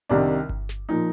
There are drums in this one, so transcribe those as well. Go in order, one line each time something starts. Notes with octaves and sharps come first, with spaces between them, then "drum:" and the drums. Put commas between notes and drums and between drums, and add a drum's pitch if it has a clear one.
C2 C3 D#3 D4
drum: kick G1
drum: snare
A#2 F3 D#4